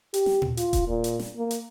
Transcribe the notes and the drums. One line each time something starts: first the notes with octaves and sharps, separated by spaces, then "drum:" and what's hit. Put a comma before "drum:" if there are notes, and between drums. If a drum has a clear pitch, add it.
G4, drum: hi-hat
drum: snare
drum: tom A#2
F4, drum: hi-hat
drum: kick D#1, hi-hat
A#2
drum: hi-hat
drum: snare
A#3
drum: hi-hat